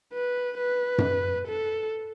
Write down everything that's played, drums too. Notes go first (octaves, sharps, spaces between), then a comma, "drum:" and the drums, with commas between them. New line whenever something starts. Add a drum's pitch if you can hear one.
B4
B4
drum: tom F#2
A4